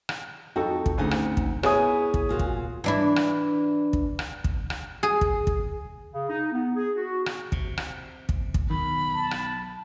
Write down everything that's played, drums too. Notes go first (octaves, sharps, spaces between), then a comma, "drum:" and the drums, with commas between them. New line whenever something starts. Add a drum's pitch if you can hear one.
drum: rim click
F2 D#4 F#4 A4 G5
drum: kick
D2 C#3 C4 D#4 F#5 G#5
drum: rim click
drum: kick
B3 E4 G#4 C#5 G#5 D#6, drum: rim click
drum: kick
A#2 F4 F#4
drum: kick
E3 D4 E4
drum: rim click
drum: kick
drum: rim click
drum: kick
drum: rim click
G#4
drum: kick
drum: kick
C#3
D#4
B3
G#4
F#4
drum: rim click
C3, drum: kick
drum: rim click
drum: kick
drum: kick
B1 D#3 B5
A5
drum: rim click